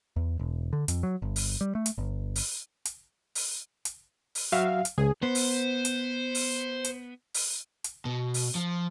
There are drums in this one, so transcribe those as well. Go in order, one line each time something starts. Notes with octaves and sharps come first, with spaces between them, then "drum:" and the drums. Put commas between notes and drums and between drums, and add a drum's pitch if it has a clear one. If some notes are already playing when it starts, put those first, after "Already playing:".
E2
E1
D3
F2, drum: hi-hat
F#3
G1
drum: open hi-hat
G3
A3
drum: hi-hat
G1
drum: open hi-hat
drum: hi-hat
drum: open hi-hat
drum: hi-hat
drum: open hi-hat
F#3 F#4 E5 F5
drum: hi-hat
C#2 G#4
B3 C5
drum: open hi-hat
drum: hi-hat
drum: open hi-hat
drum: hi-hat
drum: open hi-hat
drum: hi-hat
B2
drum: open hi-hat
F3